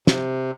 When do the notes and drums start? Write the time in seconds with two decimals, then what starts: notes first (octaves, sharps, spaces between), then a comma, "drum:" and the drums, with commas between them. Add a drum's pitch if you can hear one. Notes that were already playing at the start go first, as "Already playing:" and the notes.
0.07 C3, drum: snare